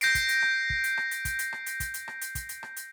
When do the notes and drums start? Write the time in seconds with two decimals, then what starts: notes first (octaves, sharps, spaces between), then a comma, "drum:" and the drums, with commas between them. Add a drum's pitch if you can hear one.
0.01 G6 A#6 C7 D7, drum: hi-hat
0.15 drum: kick, hi-hat
0.29 drum: hi-hat
0.42 drum: rim click
0.70 drum: kick
0.84 drum: hi-hat
0.97 drum: rim click
1.11 drum: hi-hat
1.25 drum: kick, hi-hat
1.39 drum: hi-hat
1.53 drum: rim click
1.66 drum: hi-hat
1.80 drum: kick, hi-hat
1.94 drum: hi-hat
2.08 drum: rim click
2.21 drum: hi-hat
2.35 drum: kick, hi-hat
2.49 drum: hi-hat
2.63 drum: rim click
2.77 drum: hi-hat